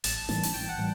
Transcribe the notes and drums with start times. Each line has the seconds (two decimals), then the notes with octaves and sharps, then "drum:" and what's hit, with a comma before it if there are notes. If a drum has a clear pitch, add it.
0.04 A1 A5, drum: hi-hat
0.29 A2 E3 G3, drum: snare
0.43 A5, drum: open hi-hat
0.54 A1 G5
0.69 F#5
0.78 A2 E3 G3